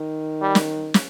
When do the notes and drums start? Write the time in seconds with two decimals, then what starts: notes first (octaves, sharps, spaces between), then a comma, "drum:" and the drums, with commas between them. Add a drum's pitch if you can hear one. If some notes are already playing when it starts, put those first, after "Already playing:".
Already playing: D#3
0.42 G3
0.55 drum: snare
0.94 drum: snare